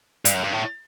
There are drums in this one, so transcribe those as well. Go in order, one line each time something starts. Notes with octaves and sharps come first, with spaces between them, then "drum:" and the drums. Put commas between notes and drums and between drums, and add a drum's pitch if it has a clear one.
G2, drum: hi-hat
F#2
G2
A2